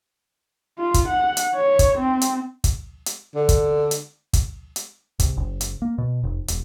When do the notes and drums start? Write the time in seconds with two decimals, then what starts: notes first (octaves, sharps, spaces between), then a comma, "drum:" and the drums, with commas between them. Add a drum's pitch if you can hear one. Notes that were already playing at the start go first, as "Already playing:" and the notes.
0.79 F4
0.94 drum: kick, hi-hat
1.08 F#5
1.37 drum: hi-hat
1.56 C#5
1.79 drum: kick, hi-hat
1.98 C4
2.21 drum: hi-hat
2.64 drum: kick, hi-hat
3.06 drum: hi-hat
3.35 D3
3.49 drum: kick, hi-hat
3.91 drum: hi-hat
4.33 drum: kick, hi-hat
4.76 drum: hi-hat
5.20 C2, drum: kick, hi-hat
5.37 F#1
5.61 drum: hi-hat
5.82 A#3
5.98 B2
6.24 F1
6.48 E1, drum: hi-hat